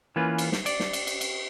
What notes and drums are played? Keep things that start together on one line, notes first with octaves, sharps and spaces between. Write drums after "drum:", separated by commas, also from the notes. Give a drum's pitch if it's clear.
E3 A#3 C#4 F4 B4
drum: cymbal
drum: snare
D5, drum: cymbal
drum: snare
drum: cymbal
drum: cymbal
drum: cymbal